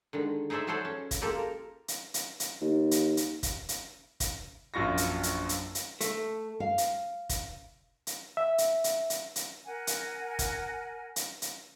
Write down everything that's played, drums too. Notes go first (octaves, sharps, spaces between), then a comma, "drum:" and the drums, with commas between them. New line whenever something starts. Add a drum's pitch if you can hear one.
D3 D#3 G#3
D#4 G#4 A4 C5 D5 E5
F#3 F#4 G#4 A4 C5 D5
C#4
drum: kick, hi-hat
G#3 A#3 F4 G4 A4
A#4
drum: hi-hat
drum: hi-hat
drum: hi-hat
D#2
drum: hi-hat
drum: hi-hat
drum: kick, hi-hat
drum: hi-hat
drum: kick, hi-hat
A#1 F#2 F4 C#6 A#6
drum: hi-hat
drum: hi-hat
drum: hi-hat
drum: hi-hat
A3, drum: hi-hat
F5
drum: hi-hat
drum: kick, hi-hat
drum: hi-hat
E5
drum: hi-hat
drum: hi-hat
drum: hi-hat
drum: hi-hat
A#4 F#5 G#5
drum: hi-hat
drum: kick, hi-hat
drum: hi-hat
drum: hi-hat